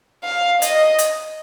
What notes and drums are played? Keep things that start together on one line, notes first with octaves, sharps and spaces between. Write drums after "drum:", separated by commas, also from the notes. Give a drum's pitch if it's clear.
F5
D#5, drum: hi-hat
drum: hi-hat